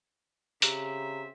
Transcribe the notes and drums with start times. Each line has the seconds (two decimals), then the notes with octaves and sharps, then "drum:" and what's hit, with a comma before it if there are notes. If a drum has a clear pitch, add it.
0.62 C#3 C4 G4 E5 A#5, drum: hi-hat